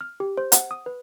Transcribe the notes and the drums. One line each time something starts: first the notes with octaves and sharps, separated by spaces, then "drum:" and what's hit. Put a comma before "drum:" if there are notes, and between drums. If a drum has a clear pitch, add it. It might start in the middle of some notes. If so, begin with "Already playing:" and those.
F6
G4
C5
F#5, drum: hi-hat
D#6
B4